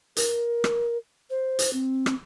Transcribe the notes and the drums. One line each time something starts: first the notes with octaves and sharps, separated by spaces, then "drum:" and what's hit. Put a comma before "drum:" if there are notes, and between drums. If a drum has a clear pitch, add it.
A#4, drum: hi-hat
drum: rim click
C5
drum: hi-hat
C4
drum: rim click